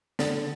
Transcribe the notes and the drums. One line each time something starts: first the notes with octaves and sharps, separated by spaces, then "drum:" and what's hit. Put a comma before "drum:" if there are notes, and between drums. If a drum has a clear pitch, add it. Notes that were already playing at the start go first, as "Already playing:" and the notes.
D3, drum: snare